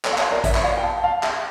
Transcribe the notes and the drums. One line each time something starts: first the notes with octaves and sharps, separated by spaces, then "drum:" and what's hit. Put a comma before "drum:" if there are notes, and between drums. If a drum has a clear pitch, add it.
A4 C#5, drum: clap
F5
C#5 E5, drum: clap
A#4 D5
C#5 E5, drum: kick A1, hi-hat
E5, drum: clap
D5 F5
G5
F5 A5
F5 A5
E5 G5, drum: clap